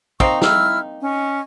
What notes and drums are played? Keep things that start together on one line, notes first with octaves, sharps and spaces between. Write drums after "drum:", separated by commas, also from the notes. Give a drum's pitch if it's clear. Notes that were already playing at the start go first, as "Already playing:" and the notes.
A#3 C4 D#4 A#5 C#6, drum: kick
E4 E6 F6, drum: snare
C#4 D#5